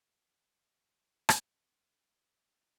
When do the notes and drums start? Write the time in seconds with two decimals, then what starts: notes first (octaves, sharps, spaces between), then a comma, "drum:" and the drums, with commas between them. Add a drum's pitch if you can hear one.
1.29 drum: rim click
1.58 A3
2.04 C3 F4 D#5